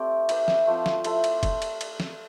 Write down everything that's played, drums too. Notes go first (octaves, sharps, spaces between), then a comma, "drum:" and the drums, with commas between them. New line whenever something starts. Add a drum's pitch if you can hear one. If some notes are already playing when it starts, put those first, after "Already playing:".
Already playing: A3 C4 G4 D5
E4 G4 B4, drum: cymbal
drum: snare
F3 A3 C4 F4
drum: snare
A3 E4 A4 C5, drum: cymbal
drum: cymbal
drum: kick, cymbal
drum: cymbal
drum: cymbal
drum: snare